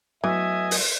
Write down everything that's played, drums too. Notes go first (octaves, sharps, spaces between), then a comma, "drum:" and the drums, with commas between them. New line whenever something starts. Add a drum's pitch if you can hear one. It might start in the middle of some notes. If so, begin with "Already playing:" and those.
E3 F#3 A3 B3 D#5 E5 G#5
drum: open hi-hat